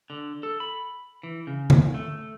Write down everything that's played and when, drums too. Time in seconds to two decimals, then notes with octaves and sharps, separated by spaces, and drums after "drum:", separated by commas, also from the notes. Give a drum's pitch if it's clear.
0.10 D3
0.43 A4
0.60 B5
1.23 E3
1.47 C#3
1.70 drum: tom D3
1.94 A3